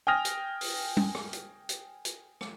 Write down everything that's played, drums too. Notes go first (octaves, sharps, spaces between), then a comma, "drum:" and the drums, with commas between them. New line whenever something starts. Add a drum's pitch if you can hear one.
G5 G#5 D#6 F6 A#6 F7
drum: hi-hat
drum: open hi-hat
drum: tom G3
drum: rim click
drum: hi-hat
drum: hi-hat
drum: hi-hat
drum: rim click